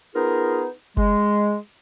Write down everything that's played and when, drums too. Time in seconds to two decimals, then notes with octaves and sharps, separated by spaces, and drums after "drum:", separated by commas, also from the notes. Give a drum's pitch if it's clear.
0.15 B3 D#4 F4 G#4 A#4
0.97 G#3, drum: kick F#1